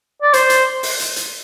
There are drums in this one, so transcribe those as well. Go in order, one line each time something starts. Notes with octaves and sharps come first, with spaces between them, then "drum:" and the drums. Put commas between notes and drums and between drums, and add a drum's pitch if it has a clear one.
D5
C5, drum: hi-hat
drum: hi-hat
drum: open hi-hat
drum: hi-hat
drum: hi-hat